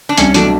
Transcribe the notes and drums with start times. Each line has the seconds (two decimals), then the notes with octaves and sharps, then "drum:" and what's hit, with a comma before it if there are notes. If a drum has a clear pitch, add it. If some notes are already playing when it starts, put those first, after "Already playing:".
0.09 D4
0.18 C2 C#4, drum: hi-hat
0.34 B2 F#3 A3 D4, drum: hi-hat